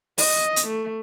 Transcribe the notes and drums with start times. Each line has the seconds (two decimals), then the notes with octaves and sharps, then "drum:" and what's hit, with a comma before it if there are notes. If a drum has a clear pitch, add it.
0.18 D#5, drum: open hi-hat
0.56 drum: hi-hat
0.67 A3